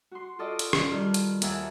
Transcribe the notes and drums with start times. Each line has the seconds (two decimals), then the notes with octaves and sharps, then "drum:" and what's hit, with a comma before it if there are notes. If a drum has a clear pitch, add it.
0.11 F#4 C6
0.39 F4 F#4 A4 D5 D#5
0.59 drum: hi-hat
0.73 drum: rim click
0.90 G2 D#3 F6 G6
1.14 drum: hi-hat
1.42 D#2 A#3 E5 F#5 G#5 A5, drum: hi-hat